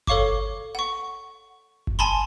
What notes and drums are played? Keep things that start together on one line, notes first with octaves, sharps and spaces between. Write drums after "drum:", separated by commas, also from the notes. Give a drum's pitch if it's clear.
A4 C#5 F5 C#6 D6, drum: kick G1
F#5 C#6
drum: kick G1
G#5 A5 B5 C6